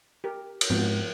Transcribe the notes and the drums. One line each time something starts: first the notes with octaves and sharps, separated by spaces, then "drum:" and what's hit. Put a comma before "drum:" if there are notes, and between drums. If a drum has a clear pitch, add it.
G4 A#4
drum: cymbal
G#2 F3 G#3 B3 C4